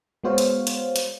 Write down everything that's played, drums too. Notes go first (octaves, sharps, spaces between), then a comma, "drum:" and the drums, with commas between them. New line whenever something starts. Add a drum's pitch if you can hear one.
G#3 B3 F#4 C5 C#5 F5
drum: hi-hat
drum: hi-hat
drum: hi-hat